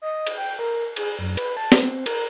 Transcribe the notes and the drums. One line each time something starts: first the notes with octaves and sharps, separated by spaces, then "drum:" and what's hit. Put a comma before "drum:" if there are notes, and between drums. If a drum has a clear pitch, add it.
D#5
drum: cymbal
G5
A#4
G#4, drum: cymbal
F#2
B4, drum: cymbal
A5
C4, drum: snare
A#4, drum: cymbal